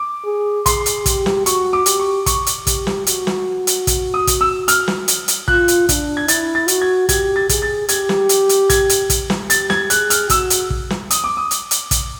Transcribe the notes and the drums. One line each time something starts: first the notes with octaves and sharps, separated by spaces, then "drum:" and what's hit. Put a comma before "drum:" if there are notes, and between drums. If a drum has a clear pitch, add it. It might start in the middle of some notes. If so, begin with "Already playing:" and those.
Already playing: D6
G#4
G#4 C6, drum: kick, hi-hat
drum: hi-hat
G4, drum: kick, hi-hat
drum: snare
F#4 C#6, drum: hi-hat
D6
G4, drum: hi-hat
C#6
C#6, drum: kick, hi-hat
drum: hi-hat
G4, drum: kick, hi-hat
drum: snare
F#4, drum: hi-hat
drum: snare
drum: hi-hat
drum: kick, hi-hat
D#6
drum: kick, hi-hat
E6
F6, drum: hi-hat
drum: snare
drum: hi-hat
drum: hi-hat
F4 F#6, drum: kick
drum: hi-hat
D4, drum: kick, hi-hat
G#6
E4 A6, drum: hi-hat
A6
F#4, drum: hi-hat
G#6
G4 G#6, drum: kick, hi-hat
A6
G#4, drum: kick, hi-hat
A6
G4 G#6, drum: hi-hat
drum: snare
drum: hi-hat
drum: hi-hat
G#6, drum: kick, hi-hat
drum: hi-hat
drum: kick, hi-hat
drum: snare
G4 A6, drum: hi-hat
G#6, drum: snare
G#4 F#6, drum: hi-hat
F6, drum: hi-hat
F#4 E6, drum: kick, hi-hat
drum: hi-hat
drum: kick
drum: snare
D#6, drum: hi-hat
D6
D#6
drum: hi-hat
drum: hi-hat
drum: kick, hi-hat